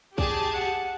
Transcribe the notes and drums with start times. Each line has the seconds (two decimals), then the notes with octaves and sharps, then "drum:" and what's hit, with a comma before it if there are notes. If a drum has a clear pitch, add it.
0.18 G4 G#4 D5 A5, drum: kick A#1
0.54 F#5